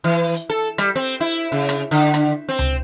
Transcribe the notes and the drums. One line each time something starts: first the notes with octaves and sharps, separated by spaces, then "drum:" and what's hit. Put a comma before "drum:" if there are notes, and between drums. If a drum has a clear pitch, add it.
E3
drum: hi-hat
A4
G3, drum: rim click
C4
E4
C#3
drum: rim click
D3, drum: hi-hat
drum: rim click
C4
drum: tom C#2